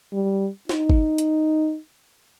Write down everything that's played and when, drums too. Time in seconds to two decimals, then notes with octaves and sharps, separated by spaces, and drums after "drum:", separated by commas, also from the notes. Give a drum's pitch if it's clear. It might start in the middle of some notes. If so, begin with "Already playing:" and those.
0.13 G3
0.69 D#4, drum: snare
0.90 drum: kick G1
1.18 drum: hi-hat